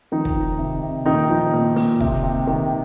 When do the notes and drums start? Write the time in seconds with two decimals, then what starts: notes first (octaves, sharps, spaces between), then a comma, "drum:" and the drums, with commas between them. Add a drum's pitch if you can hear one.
0.12 D#3 F3 D#4
0.25 drum: kick
0.36 F3
0.59 C3
0.83 C3
1.06 A#2 D#3 D#4
1.30 F3
1.53 A#2
1.76 A#2, drum: open hi-hat
2.00 C3, drum: kick
2.24 C3
2.47 D#3